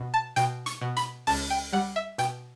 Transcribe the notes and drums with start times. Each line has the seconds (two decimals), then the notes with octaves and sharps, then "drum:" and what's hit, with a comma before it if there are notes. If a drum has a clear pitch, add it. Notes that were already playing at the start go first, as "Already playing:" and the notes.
Already playing: B2
0.14 A5
0.36 B2 G5, drum: hi-hat
0.66 C#6, drum: hi-hat
0.81 B2
0.97 B5, drum: hi-hat
1.27 C#2 A5, drum: open hi-hat
1.50 G5
1.73 G3 F#5
1.96 E5
2.18 B2 G5, drum: hi-hat